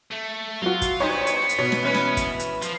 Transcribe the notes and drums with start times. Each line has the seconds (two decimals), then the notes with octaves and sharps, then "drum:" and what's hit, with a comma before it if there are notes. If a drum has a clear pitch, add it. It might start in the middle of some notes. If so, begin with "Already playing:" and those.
0.11 A3
0.62 F#3 F4 F#4
0.82 drum: kick, hi-hat
1.00 G2 B3 D#4 C5 C#5
1.27 drum: hi-hat
1.49 drum: hi-hat
1.58 B2 C#5
1.72 drum: snare
1.83 E3 C#4 B4
1.94 drum: snare
2.17 drum: kick, hi-hat
2.39 drum: hi-hat
2.62 F3, drum: hi-hat